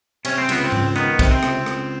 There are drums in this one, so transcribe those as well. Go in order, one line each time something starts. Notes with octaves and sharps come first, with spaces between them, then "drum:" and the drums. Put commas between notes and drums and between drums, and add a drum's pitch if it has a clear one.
C3 C#4, drum: cymbal
C4
C#2 B3, drum: cymbal
C4
C#2, drum: tom G#2
D#3 B3, drum: rim click
C3, drum: kick, cymbal
C4
C#2, drum: rim click
C#2, drum: rim click